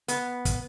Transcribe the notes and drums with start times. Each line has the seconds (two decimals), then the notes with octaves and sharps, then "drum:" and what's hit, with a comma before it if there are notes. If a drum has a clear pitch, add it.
0.08 B3, drum: hi-hat
0.45 drum: kick, hi-hat